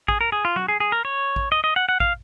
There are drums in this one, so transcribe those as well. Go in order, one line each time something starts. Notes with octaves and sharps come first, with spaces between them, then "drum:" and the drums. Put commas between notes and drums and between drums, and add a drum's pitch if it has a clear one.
G#4, drum: kick A1
A#4
G#4
F4
F#4, drum: tom F#3
G#4
G#4
A#4
C#5
drum: kick A1
D#5
D#5
F#5
F#5
F5, drum: kick A1